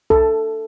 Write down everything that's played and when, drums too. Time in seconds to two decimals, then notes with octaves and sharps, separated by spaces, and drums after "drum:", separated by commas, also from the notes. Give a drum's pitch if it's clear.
0.10 A4, drum: kick B1